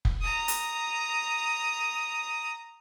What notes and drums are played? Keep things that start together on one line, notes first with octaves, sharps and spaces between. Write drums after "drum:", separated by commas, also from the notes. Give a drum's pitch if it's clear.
drum: kick F1
A#5 D#6
drum: hi-hat